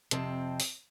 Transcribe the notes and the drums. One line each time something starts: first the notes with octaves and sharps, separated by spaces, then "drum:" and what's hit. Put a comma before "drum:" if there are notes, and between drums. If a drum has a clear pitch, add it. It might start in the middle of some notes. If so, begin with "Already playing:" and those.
F2 C3 C4 A5, drum: hi-hat
drum: open hi-hat